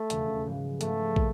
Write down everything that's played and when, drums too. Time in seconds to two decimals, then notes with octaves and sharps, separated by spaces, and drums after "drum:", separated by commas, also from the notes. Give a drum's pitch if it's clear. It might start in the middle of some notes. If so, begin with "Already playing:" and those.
Already playing: A3
0.10 E1 D#2 C#3 F#3, drum: hi-hat
0.45 G#2 F3 G#3 B3
0.81 G#2 F3 G#3 A3 B3, drum: hi-hat
1.16 C3 F3 A#3, drum: kick